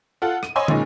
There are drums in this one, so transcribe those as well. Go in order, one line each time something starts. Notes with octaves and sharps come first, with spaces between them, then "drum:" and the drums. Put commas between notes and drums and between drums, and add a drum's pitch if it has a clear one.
F4 A4 F#5
D#7, drum: rim click
C#5 D#5 G#5 B5 C6 E6
F#1 A#2 G#3 C#4 D#4, drum: tom